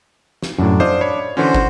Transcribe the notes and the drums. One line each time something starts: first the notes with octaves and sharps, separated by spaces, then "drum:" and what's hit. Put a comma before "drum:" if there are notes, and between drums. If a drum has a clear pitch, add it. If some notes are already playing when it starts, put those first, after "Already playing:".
drum: snare
F#2 A2 D4
C5 D5 D#5 F5
C#5 B5
D3 E3 C#4 F#4 C5
drum: kick